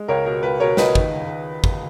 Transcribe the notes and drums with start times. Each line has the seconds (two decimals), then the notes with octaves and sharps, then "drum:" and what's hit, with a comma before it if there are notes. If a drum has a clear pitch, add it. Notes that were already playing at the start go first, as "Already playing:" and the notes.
Already playing: G#3
0.08 C#2 A#4 C#5
0.26 B2 A#4
0.43 C#2 B4
0.60 B2 A#4 C#5
0.77 C#2 B4 D#5, drum: snare
0.95 D#3, drum: kick
1.64 drum: kick